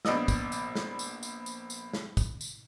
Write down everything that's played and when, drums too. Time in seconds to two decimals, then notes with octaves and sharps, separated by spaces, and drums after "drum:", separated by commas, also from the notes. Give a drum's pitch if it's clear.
0.05 A#1 B3 D5 D#5 E6, drum: snare
0.28 drum: kick, tambourine
0.52 drum: tambourine
0.75 drum: snare
0.99 drum: tambourine
1.23 drum: tambourine
1.46 drum: tambourine
1.70 drum: tambourine
1.93 drum: snare
2.17 drum: kick, tambourine
2.41 drum: tambourine